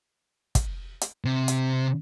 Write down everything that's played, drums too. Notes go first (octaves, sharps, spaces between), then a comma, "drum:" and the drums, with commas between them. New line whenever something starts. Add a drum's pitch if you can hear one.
drum: kick, hi-hat
drum: hi-hat
C3
drum: hi-hat